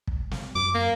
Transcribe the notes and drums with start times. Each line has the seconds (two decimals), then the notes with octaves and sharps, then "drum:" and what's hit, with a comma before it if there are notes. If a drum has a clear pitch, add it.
0.07 drum: kick
0.31 drum: snare
0.55 F#2 D6
0.74 A#3